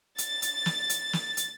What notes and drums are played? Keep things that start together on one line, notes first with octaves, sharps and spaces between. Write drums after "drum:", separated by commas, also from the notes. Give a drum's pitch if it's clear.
A6, drum: hi-hat
drum: hi-hat
drum: snare
drum: hi-hat
drum: snare
drum: hi-hat